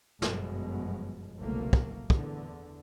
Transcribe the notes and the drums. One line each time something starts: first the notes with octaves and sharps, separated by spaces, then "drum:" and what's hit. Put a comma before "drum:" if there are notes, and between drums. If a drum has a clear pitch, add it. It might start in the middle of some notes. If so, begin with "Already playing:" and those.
G1 F#2 B2 F3 G#3, drum: snare
F#1 C2 B2 A3 A#3
drum: kick
E2 D3, drum: kick